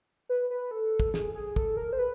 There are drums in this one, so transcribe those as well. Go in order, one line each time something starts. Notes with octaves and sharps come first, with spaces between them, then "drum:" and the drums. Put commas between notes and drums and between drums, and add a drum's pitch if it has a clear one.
B4
B4
A4
drum: kick
G#4, drum: snare
G#4
A4, drum: kick
A#4
C5
B4